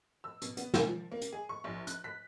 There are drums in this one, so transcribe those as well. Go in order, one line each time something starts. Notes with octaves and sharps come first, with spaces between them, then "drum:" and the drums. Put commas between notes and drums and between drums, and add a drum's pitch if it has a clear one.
E6
B2, drum: hi-hat
B3, drum: hi-hat
drum: snare
F3
A#3
drum: hi-hat
G#4
C#6
A#1
F#6, drum: hi-hat
B6